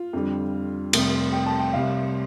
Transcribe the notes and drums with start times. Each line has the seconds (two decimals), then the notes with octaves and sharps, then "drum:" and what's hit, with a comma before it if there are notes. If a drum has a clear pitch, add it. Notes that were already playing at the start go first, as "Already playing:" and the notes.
Already playing: F4
0.13 F2 D3 G3
0.93 F1 F2 C3 G3, drum: cymbal
1.32 G5
1.46 A5
1.59 G5
1.73 C2 C3 G3 F5